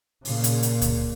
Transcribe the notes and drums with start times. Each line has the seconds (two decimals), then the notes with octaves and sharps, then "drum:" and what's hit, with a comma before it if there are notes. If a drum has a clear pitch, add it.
0.25 A#2 C#3, drum: open hi-hat
0.44 drum: hi-hat
0.63 drum: hi-hat
0.82 drum: kick C#2, hi-hat